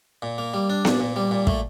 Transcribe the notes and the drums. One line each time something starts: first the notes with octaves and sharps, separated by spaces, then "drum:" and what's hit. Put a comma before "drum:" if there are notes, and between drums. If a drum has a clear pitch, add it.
A#2
A#3
G3
D4
A#2, drum: snare B3
A#2
G3
A#2
A3, drum: kick